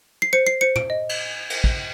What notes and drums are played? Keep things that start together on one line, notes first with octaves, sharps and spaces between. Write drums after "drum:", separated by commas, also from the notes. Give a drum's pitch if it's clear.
C7
C5 C#7
C7
C5 C#7
D7, drum: tom
D#5
drum: cymbal
drum: cymbal
drum: kick